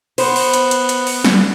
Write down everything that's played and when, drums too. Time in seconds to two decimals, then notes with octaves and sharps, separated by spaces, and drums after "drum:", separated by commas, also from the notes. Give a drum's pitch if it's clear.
0.18 B3 C5, drum: open hi-hat
0.36 drum: open hi-hat
0.54 drum: hi-hat
0.71 drum: hi-hat
0.89 drum: hi-hat
1.07 drum: open hi-hat
1.24 drum: snare